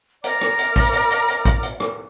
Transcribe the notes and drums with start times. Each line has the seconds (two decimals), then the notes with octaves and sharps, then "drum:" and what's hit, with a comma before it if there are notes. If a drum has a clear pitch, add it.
0.24 A#4 D5 A#5 D6, drum: hi-hat
0.41 drum: rim click
0.59 drum: hi-hat
0.76 drum: kick, open hi-hat
0.93 drum: hi-hat
1.11 drum: hi-hat
1.28 drum: hi-hat
1.45 drum: kick, hi-hat
1.63 drum: hi-hat
1.80 drum: rim click